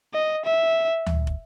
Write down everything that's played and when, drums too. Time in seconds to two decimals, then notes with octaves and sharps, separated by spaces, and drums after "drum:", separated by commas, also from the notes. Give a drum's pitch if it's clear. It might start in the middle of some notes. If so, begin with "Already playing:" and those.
0.14 D#5
0.45 E5
1.07 drum: tom D2
1.27 drum: kick